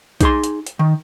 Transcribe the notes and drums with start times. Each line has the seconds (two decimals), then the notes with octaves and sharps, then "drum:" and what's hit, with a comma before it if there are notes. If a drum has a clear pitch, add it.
0.21 D#4 G#4 C6, drum: kick B1, hi-hat
0.44 drum: hi-hat
0.67 drum: hi-hat
0.79 D#3